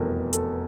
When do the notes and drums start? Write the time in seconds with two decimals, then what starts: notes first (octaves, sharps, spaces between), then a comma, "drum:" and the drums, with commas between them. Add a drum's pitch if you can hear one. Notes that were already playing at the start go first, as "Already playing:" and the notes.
Already playing: F1 E2 B2 G3 A4 A#4
0.33 A4, drum: hi-hat